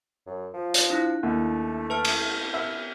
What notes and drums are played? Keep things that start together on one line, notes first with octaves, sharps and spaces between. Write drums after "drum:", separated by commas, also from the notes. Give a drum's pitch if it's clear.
F#2
F3
drum: hi-hat
D4 E4 F#6
D#2 A3
B4 A5 F6
drum: cymbal
E5